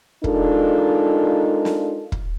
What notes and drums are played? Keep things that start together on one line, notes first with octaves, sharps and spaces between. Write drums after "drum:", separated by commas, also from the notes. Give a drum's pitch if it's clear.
G#3 D4 D#4 F4 A4 A#4, drum: kick
drum: snare
drum: kick